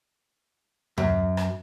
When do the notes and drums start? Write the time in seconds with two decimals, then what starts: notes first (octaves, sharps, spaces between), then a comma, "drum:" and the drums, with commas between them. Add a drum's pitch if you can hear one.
0.98 F#2, drum: tom D2
1.37 drum: rim click